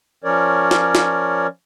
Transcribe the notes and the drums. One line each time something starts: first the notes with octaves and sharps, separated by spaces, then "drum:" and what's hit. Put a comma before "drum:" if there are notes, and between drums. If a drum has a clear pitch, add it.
F3 C#4 A#4 C#5 D5
drum: snare
drum: snare